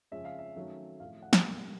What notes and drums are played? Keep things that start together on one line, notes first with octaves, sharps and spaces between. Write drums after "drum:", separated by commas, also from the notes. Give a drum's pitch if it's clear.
C#3 F3 G#3 C#4 E5
F5
E5
D#3 F#3 A3 C#4
A2 F3 A3 F5
F#5
drum: snare
B2 G3 A#3